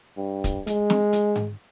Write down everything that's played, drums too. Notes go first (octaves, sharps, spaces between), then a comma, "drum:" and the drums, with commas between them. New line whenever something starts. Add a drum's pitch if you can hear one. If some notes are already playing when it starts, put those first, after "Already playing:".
G2
drum: kick, hi-hat
G#3, drum: hi-hat
drum: snare
drum: hi-hat
drum: tom G#2